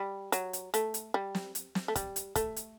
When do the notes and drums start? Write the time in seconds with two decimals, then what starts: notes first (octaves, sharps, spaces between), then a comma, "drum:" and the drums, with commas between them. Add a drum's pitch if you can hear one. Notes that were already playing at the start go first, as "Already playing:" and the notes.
Already playing: G3
0.32 F#3, drum: hi-hat
0.53 drum: hi-hat
0.74 A3, drum: hi-hat
0.94 drum: hi-hat
1.14 G3
1.35 drum: snare
1.55 drum: hi-hat
1.75 drum: snare
1.88 A3
1.96 G3, drum: kick, hi-hat
2.16 drum: hi-hat
2.36 A3, drum: kick, hi-hat
2.56 drum: hi-hat